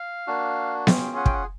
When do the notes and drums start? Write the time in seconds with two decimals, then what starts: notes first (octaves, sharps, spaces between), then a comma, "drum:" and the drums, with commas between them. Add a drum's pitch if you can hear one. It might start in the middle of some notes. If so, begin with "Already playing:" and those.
Already playing: F5
0.27 A#3 D4 F#4
0.87 C#4 F4 G#4 G5, drum: snare B3
1.17 F#5
1.26 G5, drum: kick
1.33 F#5